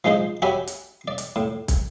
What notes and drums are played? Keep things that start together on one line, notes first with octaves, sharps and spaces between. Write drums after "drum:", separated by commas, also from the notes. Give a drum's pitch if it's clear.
F3 G#3 D#4 C5 D#5
F#4 G4 C#5 E5 G#5 B5
drum: hi-hat
D5
drum: hi-hat
A2
drum: kick, hi-hat